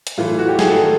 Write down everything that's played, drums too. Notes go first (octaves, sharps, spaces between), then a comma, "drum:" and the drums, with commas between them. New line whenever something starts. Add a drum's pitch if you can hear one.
drum: hi-hat
A2 E3 A3 F4
F#4
G4
G#4, drum: snare
A4
D#3 G#3